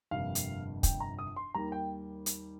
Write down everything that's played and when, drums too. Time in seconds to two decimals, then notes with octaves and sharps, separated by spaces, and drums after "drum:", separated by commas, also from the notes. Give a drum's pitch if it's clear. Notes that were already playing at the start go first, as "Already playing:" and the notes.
0.11 G1 F2 C3 G3 A#3 F5
0.35 drum: hi-hat
0.83 G5, drum: kick, hi-hat
1.00 A#5
1.19 D#6
1.36 C6
1.54 D#2 D#3 G3 A#3 A#5
1.72 G5
2.26 drum: hi-hat